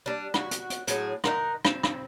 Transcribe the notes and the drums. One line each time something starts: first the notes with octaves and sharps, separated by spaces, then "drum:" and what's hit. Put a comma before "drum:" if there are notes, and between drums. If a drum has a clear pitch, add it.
G3 D4
F#4, drum: rim click
drum: hi-hat
drum: hi-hat
A2 F#3 G#4, drum: hi-hat
D#4 A#4 F#5, drum: rim click
C4, drum: rim click
drum: rim click